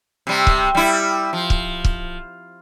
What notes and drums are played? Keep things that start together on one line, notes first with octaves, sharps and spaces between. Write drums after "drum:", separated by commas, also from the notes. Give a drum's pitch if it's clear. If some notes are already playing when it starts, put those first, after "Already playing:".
C3 G3
drum: kick
G3 E4
F3
drum: kick
drum: kick